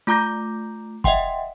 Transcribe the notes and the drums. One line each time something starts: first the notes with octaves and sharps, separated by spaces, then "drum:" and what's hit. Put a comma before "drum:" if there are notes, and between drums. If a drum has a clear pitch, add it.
A3 F4 A#5 D6 G6 A#6
D#5 E5 F#5 G5 C6, drum: kick